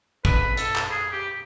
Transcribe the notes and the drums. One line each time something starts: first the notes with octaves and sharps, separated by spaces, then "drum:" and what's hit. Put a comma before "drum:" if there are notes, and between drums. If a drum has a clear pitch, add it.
B4, drum: kick
A4, drum: hi-hat
drum: clap
G#4
G4